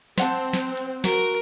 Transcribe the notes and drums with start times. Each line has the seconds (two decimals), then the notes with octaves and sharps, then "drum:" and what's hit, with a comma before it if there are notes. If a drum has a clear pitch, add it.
0.18 C4 C5 F#5 A5, drum: snare
0.53 drum: snare
0.77 drum: hi-hat
1.04 F#4 A#4, drum: snare